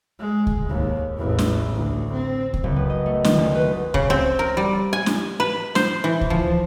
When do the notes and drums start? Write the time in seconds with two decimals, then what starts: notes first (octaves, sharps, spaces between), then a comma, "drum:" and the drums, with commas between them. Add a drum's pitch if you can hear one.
0.19 G#3
0.47 drum: kick C#2
0.69 D#2 G#2
1.17 A1 E2
1.39 drum: snare
1.75 D2
2.13 C4
2.53 drum: kick C#2
2.64 F#1
2.76 B3
2.90 D#5
3.06 A3
3.25 D#3, drum: snare
3.37 D2
3.55 B4
3.94 C#3, drum: kick C#2
4.10 C4
4.39 A#4
4.57 G3
4.93 G#5
5.06 drum: snare
5.40 B4
5.75 C5, drum: snare
6.04 E3
6.21 drum: kick C#2
6.30 F3